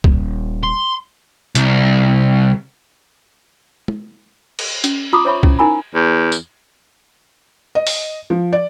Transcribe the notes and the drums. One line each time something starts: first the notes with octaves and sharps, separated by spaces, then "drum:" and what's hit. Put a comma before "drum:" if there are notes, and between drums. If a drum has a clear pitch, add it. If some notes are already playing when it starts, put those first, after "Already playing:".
D#1, drum: kick
C6
C2, drum: hi-hat
drum: tom
drum: cymbal
C#4, drum: hi-hat
F4 A#5 B5 D6 D#6
C5 C#5 E5 B5 C#6
C#4 E4, drum: kick
D#4 E4 A#4 G#5 A#5 B5
E2
drum: tambourine
D#5
drum: open hi-hat
F3
D5